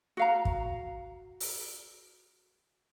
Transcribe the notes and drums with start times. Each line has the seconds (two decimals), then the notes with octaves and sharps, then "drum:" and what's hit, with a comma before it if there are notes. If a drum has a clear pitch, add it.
0.17 F#4 F5 A#5
0.45 drum: kick
1.40 drum: open hi-hat